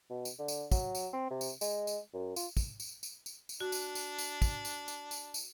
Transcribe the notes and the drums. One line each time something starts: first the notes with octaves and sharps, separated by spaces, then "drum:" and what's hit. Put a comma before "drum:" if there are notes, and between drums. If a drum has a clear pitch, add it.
B2
drum: tambourine
D3
drum: tambourine
F#3, drum: kick, tambourine
drum: tambourine
C4
C3
drum: tambourine
G#3, drum: tambourine
drum: tambourine
F#2
F4, drum: tambourine
drum: kick, tambourine
drum: tambourine
drum: tambourine
drum: tambourine
drum: tambourine
D4 F#4
drum: tambourine
drum: tambourine
drum: tambourine
drum: kick, tambourine
drum: tambourine
drum: tambourine
drum: tambourine
drum: tambourine